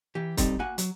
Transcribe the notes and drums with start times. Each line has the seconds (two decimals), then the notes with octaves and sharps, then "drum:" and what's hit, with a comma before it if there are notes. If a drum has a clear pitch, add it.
0.15 E3 G4
0.37 G3 C4 D#4 A4, drum: kick, hi-hat
0.59 A#3 F#4 F#5 G#5
0.78 F#3, drum: hi-hat